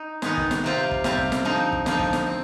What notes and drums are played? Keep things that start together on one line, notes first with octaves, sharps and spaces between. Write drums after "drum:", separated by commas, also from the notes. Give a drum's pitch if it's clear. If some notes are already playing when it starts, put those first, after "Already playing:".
Already playing: D#4
D#3 G#3 B3 D#4, drum: snare
drum: kick
drum: snare
C3 G3 C4 F4
drum: kick
C3 G3 C4 F4, drum: snare
drum: kick
drum: snare
D3 F3 C4 D#4
drum: kick
D3 F3 C4 D#4, drum: snare
drum: kick
drum: snare
C4